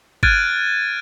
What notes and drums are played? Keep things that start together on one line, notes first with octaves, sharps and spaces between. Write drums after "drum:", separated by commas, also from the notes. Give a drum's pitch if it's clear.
F6 F#6 G#6 A6 D7 D#7, drum: kick G1